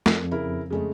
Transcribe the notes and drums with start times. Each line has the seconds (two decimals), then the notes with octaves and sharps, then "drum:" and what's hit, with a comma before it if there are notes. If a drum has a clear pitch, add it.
0.06 F2, drum: snare
0.31 C#3 E4 A#4
0.70 C#3 G#3 A3